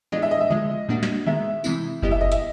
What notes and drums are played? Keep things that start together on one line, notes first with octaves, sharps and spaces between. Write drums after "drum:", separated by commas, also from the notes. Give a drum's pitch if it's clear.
E3 G#3 B3 D4 F4 D#5
E5
D#5
E5
D3 F3 G#3 D#5
A#2 G3 A#3 D4 F#4
drum: snare
D#3 G#3 B3 E5
C3 E3 G#3 C4 E4, drum: tambourine
G3 B3 E4 G4 D#5, drum: kick F#1
E5
D#5
E5, drum: hi-hat